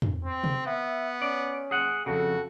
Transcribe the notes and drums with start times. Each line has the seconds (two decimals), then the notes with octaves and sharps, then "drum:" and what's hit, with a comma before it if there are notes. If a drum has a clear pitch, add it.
0.02 drum: tom
0.25 C4
0.44 drum: tom
0.66 B3 E5
1.22 C#4 D5
1.71 G#4 F#5
2.06 F2 C#3 F#4 A4